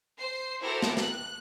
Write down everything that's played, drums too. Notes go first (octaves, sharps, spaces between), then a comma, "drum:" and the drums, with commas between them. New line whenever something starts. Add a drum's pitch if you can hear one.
C5 C7
E4 F#4 G4 A4 A#4 C5
drum: snare
F#6, drum: snare